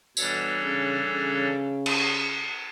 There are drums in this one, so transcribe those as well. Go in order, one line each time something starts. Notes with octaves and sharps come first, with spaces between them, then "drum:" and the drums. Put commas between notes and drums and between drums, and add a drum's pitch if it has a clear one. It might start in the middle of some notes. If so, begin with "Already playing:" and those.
B2 E3 G3 D4 A4 C#5, drum: tambourine
C#3
C#3
drum: cymbal